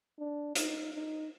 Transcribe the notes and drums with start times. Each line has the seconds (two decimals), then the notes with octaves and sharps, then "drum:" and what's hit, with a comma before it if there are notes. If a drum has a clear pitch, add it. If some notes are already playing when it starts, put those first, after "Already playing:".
0.18 D4
0.55 D#4, drum: hi-hat
0.93 D#4